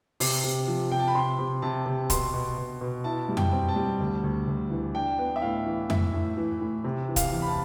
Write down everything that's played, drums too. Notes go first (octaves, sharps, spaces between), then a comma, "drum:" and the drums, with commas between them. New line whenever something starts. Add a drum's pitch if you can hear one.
C3 D6, drum: open hi-hat
C3
F3
C3 G5
A5
B5
C3 C6
C3
C3 A5
C3
B2 C6, drum: kick, hi-hat
B2
B2
B2
E4 A5
G3
G5, drum: tom F2
C4
A5
G3
D2
D2
D2
E3
D4 G5
B3
E5
A2 F5
E3
A2 E5, drum: tom F2
A2
E3
A2
C3
E3
F5, drum: kick, hi-hat
E2
B5
A5